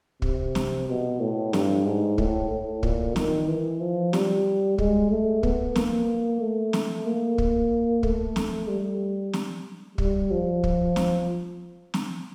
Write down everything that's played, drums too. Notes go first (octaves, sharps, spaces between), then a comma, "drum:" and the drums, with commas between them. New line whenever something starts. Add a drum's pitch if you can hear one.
C3, drum: kick
drum: snare
B2
A2
G2, drum: snare
G#2
A2, drum: kick
A2
A#2, drum: kick
D#3, drum: snare
E3
F3
G3, drum: snare
G#3, drum: kick
A3
B3, drum: kick
A#3, drum: snare
A3
drum: snare
A#3
drum: kick
A3, drum: kick
drum: snare
G3
drum: snare
G3, drum: kick
F3
drum: kick
drum: snare
drum: snare